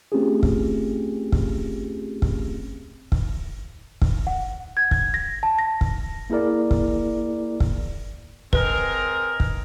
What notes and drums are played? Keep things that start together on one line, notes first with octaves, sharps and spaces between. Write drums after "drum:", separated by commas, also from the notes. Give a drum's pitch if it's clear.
A3 C4 C#4 F4 G4 G#4
drum: kick
drum: kick
drum: kick
drum: kick
drum: kick
F#5
G#6
drum: kick
A#6
A5
A#6
drum: kick
A#3 E4 G#4 A#4 D5
drum: kick
drum: kick
G#3 C4 A#4 B4, drum: kick
drum: kick